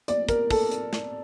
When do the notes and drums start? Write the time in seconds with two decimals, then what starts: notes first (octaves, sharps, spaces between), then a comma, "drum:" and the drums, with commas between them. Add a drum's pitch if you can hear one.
0.08 D5, drum: hi-hat
0.29 A#4, drum: kick, hi-hat
0.51 A4, drum: kick, open hi-hat
0.71 drum: hi-hat
0.93 drum: snare